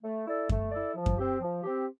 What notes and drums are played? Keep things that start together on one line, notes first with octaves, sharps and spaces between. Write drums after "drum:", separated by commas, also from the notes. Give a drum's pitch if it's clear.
A3
E4 A4 D5
A3, drum: kick F#2
E4 A4 D5
F3
drum: kick F#2
C4 G4
F3
C4 G4